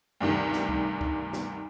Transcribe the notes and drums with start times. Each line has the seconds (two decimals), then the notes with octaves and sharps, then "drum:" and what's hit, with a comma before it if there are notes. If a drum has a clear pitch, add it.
0.20 D2 G2 C3 D#3
0.53 drum: snare
0.69 drum: kick C#2
1.01 drum: kick C#2
1.33 drum: snare